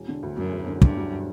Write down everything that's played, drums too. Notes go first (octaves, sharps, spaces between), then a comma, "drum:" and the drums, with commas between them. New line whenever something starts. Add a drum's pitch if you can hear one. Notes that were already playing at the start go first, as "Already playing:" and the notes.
Already playing: E1
D3
D2
F#2 F#3
E1
D3
D2 G2, drum: kick
F#3